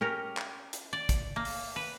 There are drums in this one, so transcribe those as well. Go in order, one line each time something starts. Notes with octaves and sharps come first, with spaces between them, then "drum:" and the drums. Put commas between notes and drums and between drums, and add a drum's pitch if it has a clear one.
C#4 G4 A#4
drum: clap
drum: hi-hat
D5
drum: kick, hi-hat
A#3
drum: open hi-hat
B4